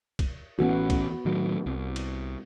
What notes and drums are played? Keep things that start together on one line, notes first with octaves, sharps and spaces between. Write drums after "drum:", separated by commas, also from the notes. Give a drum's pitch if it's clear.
drum: kick, cymbal
A1 E3 B3 C#4 F#4
drum: kick, cymbal
A2 D#3 F#3
C2
drum: cymbal